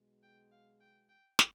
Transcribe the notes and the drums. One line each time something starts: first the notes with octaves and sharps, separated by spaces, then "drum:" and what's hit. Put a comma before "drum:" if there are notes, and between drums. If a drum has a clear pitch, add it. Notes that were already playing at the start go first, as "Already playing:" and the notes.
Already playing: B1 B2 G#3
G5
F5
G5
G5
drum: snare